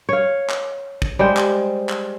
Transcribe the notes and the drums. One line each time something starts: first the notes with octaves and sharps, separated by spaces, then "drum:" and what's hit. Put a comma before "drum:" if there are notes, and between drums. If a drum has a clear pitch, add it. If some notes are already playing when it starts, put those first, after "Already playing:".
C#5 F5
drum: clap
drum: kick
G3 G#3 C5
drum: clap
drum: clap